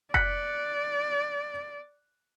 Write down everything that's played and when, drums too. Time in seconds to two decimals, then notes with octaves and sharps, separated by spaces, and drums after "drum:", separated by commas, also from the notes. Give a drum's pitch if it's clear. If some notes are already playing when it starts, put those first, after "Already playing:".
0.14 D5 F#6 B6 C#7, drum: kick F1